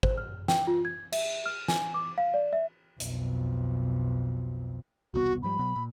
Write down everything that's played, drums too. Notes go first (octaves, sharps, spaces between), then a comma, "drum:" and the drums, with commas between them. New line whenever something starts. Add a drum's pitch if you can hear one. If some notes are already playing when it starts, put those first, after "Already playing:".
C5, drum: kick G#1
F6
G5, drum: snare
F4
G#6
E5, drum: cymbal
F6
G#5, drum: snare
D6
F5
D5
E5
B1 F2, drum: hi-hat
E1 C2 B3 F#4
G#2 F3 G3 B5
B2 F#3 B3
A#2